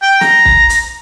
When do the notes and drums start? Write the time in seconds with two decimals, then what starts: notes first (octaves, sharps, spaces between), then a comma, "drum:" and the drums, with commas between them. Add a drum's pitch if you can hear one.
0.02 G5
0.21 A#5, drum: snare
0.45 drum: kick
0.70 drum: hi-hat